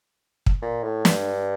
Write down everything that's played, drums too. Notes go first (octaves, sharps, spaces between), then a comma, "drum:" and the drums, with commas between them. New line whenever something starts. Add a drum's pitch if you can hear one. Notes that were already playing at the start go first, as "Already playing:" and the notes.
drum: kick
A#2
A2
G2, drum: snare